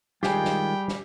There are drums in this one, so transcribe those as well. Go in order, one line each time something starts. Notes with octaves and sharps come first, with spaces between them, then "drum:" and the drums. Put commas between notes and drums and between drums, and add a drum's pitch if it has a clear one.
D#3 G3 G#3 F4 G4 G#4 G5, drum: snare
drum: snare
drum: snare